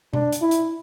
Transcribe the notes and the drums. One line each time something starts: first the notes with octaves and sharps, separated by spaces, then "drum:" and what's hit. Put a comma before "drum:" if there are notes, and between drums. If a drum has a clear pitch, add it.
D4, drum: tom B2
drum: hi-hat
E4
drum: hi-hat